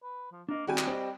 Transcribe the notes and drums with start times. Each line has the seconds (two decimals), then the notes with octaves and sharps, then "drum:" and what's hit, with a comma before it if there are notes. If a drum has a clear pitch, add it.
0.03 B4
0.32 F3
0.49 A#3 D4 D#5
0.67 D#2 G3 C4 E4 F#4 G4 G#5
0.78 drum: clap
0.87 C4 G4 D#5